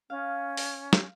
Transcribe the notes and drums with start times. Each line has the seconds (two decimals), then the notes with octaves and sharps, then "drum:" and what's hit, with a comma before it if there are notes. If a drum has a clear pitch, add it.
0.10 C#4 F5
0.57 drum: open hi-hat
0.93 drum: snare